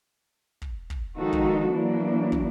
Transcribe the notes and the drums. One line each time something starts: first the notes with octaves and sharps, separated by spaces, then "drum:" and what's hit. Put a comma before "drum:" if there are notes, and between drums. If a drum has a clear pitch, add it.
drum: kick
drum: kick
D#3 F3 G#3 D#4 F#4 A4
drum: kick
E3 F#3 A#3 D4
drum: kick